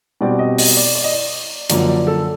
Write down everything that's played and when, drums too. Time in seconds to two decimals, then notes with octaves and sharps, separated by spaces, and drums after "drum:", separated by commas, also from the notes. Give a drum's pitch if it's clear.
0.21 B2 G3 C4 D5
0.39 D#5
0.58 D#5, drum: open hi-hat
0.77 D5
0.95 D5
1.04 D#5
1.12 D5
1.70 F#2 D3 F3 A#3 D5, drum: hi-hat
1.89 D5
2.07 A4